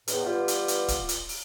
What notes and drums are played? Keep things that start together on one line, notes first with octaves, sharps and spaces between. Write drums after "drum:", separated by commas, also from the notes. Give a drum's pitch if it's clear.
E2 A2, drum: hi-hat
E3 G3 B3 F4 G4
drum: hi-hat
drum: hi-hat
drum: kick, hi-hat
drum: hi-hat
drum: open hi-hat